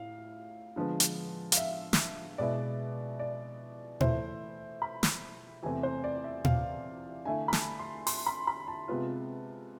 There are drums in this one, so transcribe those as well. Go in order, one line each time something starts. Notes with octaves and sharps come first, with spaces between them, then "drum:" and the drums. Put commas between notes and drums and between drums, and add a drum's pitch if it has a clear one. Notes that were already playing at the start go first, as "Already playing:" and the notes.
Already playing: A2 F5
D3 F3 G#3 B3
drum: hi-hat
F5, drum: hi-hat
E5
drum: snare
B2 G#3 B3 E4 D5
D5
E3 A3 E4 C5, drum: tom A#2
B5
drum: snare
E2 C3 E3 A3 C4 G#5
C5
D5
E5
F5, drum: tom A#2
D3 A3 E4 G#5
B5
A5, drum: snare
C6
C6, drum: open hi-hat
B5
B5
A5
C3 G#3 B3 F4